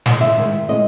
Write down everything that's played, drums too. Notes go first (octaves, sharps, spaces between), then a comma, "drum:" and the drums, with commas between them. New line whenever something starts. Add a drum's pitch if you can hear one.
G#2 D#3 G#3, drum: snare
E5
G#2 D#3 G#3
C#3 G#3 D#5